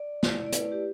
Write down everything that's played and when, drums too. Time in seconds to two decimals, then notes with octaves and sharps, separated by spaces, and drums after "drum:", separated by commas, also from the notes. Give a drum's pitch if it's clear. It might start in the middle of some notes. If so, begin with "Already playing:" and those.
Already playing: D5
0.23 A3 E4, drum: snare
0.46 D5
0.52 A3 E4 B4, drum: hi-hat
0.72 G4